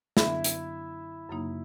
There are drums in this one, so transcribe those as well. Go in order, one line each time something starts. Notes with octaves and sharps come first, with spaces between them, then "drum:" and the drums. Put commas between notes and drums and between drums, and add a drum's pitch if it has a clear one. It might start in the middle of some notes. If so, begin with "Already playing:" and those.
F#2 D3 F#3 B3 D4 E4, drum: snare
drum: hi-hat
F#2 C#3 F#3 A#3 D#4